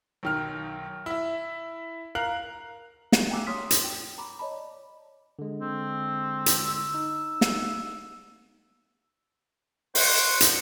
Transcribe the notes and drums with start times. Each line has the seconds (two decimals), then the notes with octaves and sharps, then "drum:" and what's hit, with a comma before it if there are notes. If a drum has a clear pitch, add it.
0.23 B1 D#3 F6
1.06 E4 E5
2.15 A#4 F5 F6 F#6 F#7
3.12 drum: snare
3.31 G5 G#5 A#5 D6 E6 F#6
3.47 C#5 C6 D#6 F6 B6
3.71 drum: hi-hat
3.84 G5
4.18 A#5 B5 D6
4.39 C#5 D#5 A5 B5
4.56 D5
5.39 D3 G#3
5.61 C4
6.46 drum: hi-hat
6.58 E6
6.94 D#4
7.41 drum: snare
9.95 C5 F#5 C6 C#6, drum: open hi-hat
10.41 drum: hi-hat